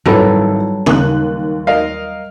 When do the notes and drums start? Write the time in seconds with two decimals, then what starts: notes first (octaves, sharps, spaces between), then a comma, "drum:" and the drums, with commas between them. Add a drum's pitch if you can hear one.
0.06 G#1 F#3 G3 E4 A4 B4 C#5, drum: tom F#2
0.86 D#2 F#6, drum: tom C#3
1.67 A#4 D#5 F5